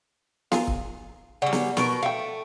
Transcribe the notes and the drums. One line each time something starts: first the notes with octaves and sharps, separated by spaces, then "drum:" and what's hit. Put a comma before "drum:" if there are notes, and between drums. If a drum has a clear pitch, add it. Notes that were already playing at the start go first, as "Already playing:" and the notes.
F4 G#4 A#4, drum: snare
drum: kick
C#3 G3 D5 F#5
drum: snare
B2 A#4 C#6 D7, drum: snare
A3 F5 G5